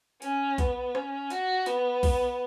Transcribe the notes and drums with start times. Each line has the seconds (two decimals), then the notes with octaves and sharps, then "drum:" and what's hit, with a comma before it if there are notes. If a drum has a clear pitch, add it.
0.22 C#4, drum: hi-hat
0.58 B3, drum: kick B1, hi-hat
0.95 C#4, drum: rim click
1.30 F#4, drum: hi-hat
1.66 B3, drum: hi-hat
2.03 drum: kick B1, open hi-hat